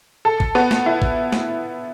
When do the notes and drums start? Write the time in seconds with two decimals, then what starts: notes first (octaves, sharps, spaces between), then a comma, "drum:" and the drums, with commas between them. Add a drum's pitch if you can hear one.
0.25 A4
0.40 drum: kick A1
0.55 B3
0.71 drum: snare
0.86 E4
1.02 drum: kick A1
1.32 drum: snare